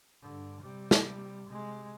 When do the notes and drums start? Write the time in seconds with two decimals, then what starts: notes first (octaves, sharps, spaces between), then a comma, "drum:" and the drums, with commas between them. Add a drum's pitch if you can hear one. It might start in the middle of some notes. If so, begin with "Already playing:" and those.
0.22 G2 D3
0.61 C3 G3
0.91 drum: snare
1.47 C3 G#3